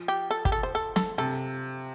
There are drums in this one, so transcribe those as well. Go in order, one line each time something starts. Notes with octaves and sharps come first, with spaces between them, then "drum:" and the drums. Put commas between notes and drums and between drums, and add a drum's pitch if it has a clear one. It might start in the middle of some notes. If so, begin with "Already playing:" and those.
Already playing: F3
G4
A4
G4, drum: kick
A4
C5
A4
A4, drum: snare
C3 A4